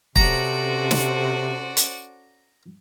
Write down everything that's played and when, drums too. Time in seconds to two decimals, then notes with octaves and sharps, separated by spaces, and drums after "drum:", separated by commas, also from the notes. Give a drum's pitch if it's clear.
0.16 C3 C#4 F#4 A4 C5 D5 A#5, drum: kick
0.91 drum: snare
1.77 drum: hi-hat